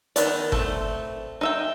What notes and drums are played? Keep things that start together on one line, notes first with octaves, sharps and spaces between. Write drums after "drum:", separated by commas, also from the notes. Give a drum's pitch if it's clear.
D#3 E3 B3 D5, drum: hi-hat
A3 C4, drum: kick G1
D#4 E5 G5